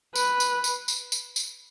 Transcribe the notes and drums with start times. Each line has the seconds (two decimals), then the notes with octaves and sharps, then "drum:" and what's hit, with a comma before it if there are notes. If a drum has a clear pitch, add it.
0.15 B4, drum: tambourine
0.40 drum: tambourine
0.64 drum: tambourine
0.88 drum: tambourine
1.12 drum: tambourine
1.36 drum: tambourine